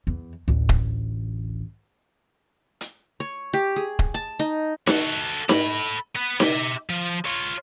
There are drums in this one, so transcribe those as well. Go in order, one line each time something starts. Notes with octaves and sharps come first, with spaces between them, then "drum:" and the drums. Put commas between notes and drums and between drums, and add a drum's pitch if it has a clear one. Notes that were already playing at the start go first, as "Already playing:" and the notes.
E2
A1 D2
drum: kick D#1
drum: hi-hat
C#5
G4
G#4
drum: kick D#1
A5
D#4
F#4 A4, drum: snare D#4
A4 B5, drum: snare D#4
B3 B4
G4 E5, drum: snare D#4
F3
F4 C#5